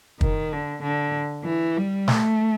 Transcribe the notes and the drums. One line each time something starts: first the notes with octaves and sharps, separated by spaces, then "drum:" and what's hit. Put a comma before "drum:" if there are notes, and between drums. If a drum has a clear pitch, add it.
D#3, drum: kick
D3
D3
E3
G3
A3, drum: snare